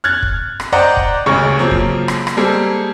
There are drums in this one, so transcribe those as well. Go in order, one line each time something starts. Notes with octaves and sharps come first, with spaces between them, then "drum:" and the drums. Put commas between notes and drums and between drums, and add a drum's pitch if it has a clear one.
F6 F#6 G#6 A6
drum: kick
drum: rim click
C5 D5 D#5 F#5 G5 A#5
drum: kick
D#1 A1 D2 C#3 G#3 C#6
C#3 F3 F#3 A#3 C4
drum: kick
drum: rim click
drum: rim click
G3 G#3 A#3 C4 G#4 A4